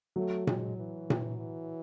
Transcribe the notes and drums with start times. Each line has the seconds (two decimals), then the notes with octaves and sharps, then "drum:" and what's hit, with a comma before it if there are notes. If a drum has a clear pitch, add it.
0.16 F#3 A3
0.47 G#3, drum: tom A#2
0.78 E3
1.10 drum: tom A#2
1.38 E3